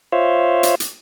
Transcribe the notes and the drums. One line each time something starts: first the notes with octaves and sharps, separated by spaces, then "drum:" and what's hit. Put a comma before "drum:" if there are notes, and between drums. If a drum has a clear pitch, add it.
F4 C5 C#5 E5 F5
drum: hi-hat
drum: hi-hat